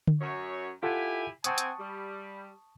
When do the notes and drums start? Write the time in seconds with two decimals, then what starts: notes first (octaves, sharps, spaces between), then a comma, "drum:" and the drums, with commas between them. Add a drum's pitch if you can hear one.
0.07 drum: tom D3
0.21 F#2 C#5
0.83 E4 F4 G4 A4 F#5 G#5
1.44 C4 F#5 G#5 A5 C#6 D#6, drum: hi-hat
1.58 drum: hi-hat
1.79 G3